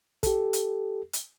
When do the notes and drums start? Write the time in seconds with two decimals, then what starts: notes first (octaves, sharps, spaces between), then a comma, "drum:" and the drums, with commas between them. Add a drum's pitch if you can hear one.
0.23 G4 A4, drum: kick, hi-hat
0.53 drum: hi-hat
1.13 drum: hi-hat